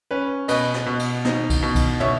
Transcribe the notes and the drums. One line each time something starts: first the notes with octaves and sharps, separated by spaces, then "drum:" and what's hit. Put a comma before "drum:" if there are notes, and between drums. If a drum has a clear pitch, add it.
C#4 B4
B2 B4 D#5, drum: cymbal
drum: snare
B2
drum: cymbal
D#4, drum: snare
drum: kick C2, cymbal
B2
drum: kick C2, cymbal
B2 C#5 E5, drum: tom